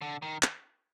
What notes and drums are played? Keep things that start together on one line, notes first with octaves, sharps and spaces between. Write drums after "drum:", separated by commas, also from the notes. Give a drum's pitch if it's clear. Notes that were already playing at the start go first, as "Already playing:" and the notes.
D3
D#3
drum: clap